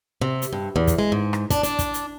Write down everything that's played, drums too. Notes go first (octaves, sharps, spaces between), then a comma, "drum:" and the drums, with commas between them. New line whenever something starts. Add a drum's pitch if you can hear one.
C3
drum: hi-hat
G2
E2
drum: kick, hi-hat
G#3
G#2
drum: rim click
D4, drum: kick, hi-hat
D4, drum: hi-hat
drum: kick, hi-hat
drum: hi-hat